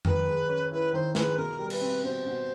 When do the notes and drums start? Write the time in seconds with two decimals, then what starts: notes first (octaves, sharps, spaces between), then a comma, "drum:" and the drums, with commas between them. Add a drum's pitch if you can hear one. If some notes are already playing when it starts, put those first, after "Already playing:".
0.05 D#3 B4, drum: tom F2
0.27 G#3
0.48 C#4
0.71 E4 B4
0.93 D#3 C5
1.15 G#3 B4, drum: snare
1.37 B2 A#4
1.59 G3
1.70 B4, drum: cymbal
1.81 C4
2.03 B2 C5
2.26 B2